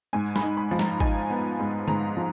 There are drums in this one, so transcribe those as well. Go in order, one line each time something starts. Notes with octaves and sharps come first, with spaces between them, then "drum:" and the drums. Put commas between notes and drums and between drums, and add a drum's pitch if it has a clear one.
G#2 G#5
B5, drum: snare
D#4
B5
F3
A#5, drum: snare
D#4 G#5, drum: kick G#1
B3
G#2
G#2 A#5, drum: tom D3
F3